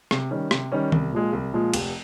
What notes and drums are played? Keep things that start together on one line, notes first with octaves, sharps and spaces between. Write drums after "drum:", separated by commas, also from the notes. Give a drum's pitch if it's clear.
C3, drum: rim click
D#3 G3 C#4
C3, drum: rim click
D#3 G3 C#4
C2, drum: tom D#3
A#2 F3 G#3
C2
A#2 F3 G#3
F1, drum: cymbal